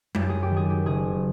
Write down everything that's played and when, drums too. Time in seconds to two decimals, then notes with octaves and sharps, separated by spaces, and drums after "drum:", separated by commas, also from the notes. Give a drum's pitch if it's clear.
0.15 F#2 G4, drum: tom G3
0.29 G#4
0.43 G4
0.50 D#3
0.56 G#4
0.70 G4
0.86 F#1 G#4